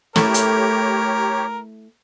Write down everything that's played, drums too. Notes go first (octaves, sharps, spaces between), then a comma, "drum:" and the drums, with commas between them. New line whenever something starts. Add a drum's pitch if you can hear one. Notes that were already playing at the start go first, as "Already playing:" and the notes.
A3 E4 G4 A#4 C#5, drum: snare
drum: hi-hat